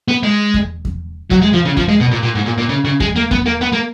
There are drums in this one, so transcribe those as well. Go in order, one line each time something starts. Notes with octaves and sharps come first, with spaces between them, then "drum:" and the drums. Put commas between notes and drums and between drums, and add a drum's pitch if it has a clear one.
B3
G#3
drum: kick E2
drum: kick E2
F#3, drum: kick E2
G#3
F3
C#3
F3, drum: kick E2
G#3
B2
A#2
A#2
G#2
A#2
A#2
C#3
C#3
G#3, drum: kick E2
A#3
B3, drum: kick E2
A#3
B3
A#3